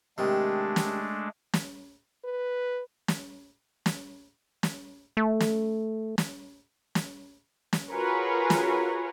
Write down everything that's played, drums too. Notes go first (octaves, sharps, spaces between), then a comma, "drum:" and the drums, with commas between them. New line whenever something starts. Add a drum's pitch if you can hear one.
C3 D#3 G#3 A3 D4
drum: snare
drum: snare
B4
drum: snare
drum: snare
drum: snare
A3
drum: snare
drum: snare
drum: snare
drum: snare
F4 F#4 G#4 A#4 B4 C#5
drum: snare